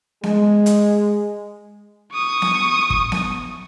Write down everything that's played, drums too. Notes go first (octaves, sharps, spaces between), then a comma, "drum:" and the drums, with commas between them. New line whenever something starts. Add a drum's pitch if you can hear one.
G#3, drum: snare B3
drum: hi-hat
C#6 D#6
drum: snare B3
drum: kick
drum: snare B3